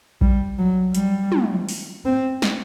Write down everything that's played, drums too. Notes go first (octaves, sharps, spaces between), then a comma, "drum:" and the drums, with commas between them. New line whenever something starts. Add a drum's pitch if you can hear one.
G3, drum: kick A#1
F#3
G3, drum: hi-hat
drum: tom
drum: open hi-hat
C4
drum: snare